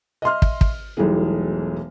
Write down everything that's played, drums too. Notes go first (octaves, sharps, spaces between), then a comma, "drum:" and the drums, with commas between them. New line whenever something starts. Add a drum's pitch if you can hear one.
D#5 E5 C6 F6
drum: kick
drum: kick
E1 B1 E3 G3 A3 G#4